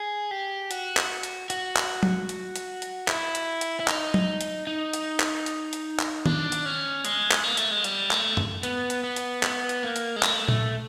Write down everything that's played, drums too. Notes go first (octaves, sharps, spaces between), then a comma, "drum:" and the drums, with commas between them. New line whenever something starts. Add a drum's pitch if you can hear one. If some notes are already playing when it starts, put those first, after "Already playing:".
Already playing: G#4
G4
F#4, drum: hi-hat
drum: clap
drum: hi-hat
F#4, drum: hi-hat
drum: clap
drum: tom F#3
drum: hi-hat
drum: hi-hat
drum: hi-hat
E4, drum: clap
drum: hi-hat
drum: hi-hat
E4
D#4, drum: clap
drum: tom F#3
drum: hi-hat
D#4
drum: hi-hat
drum: clap
drum: hi-hat
drum: hi-hat
drum: clap
D4, drum: tom D#3
drum: hi-hat
C#4
G#3, drum: hi-hat
drum: clap
A#3
A3, drum: hi-hat
G#3
G3, drum: hi-hat
A3, drum: clap
drum: tom F#2
B3, drum: hi-hat
drum: hi-hat
B3
drum: hi-hat
B3, drum: clap
drum: hi-hat
A#3
drum: hi-hat
G#3
A3, drum: clap
A3, drum: tom A#2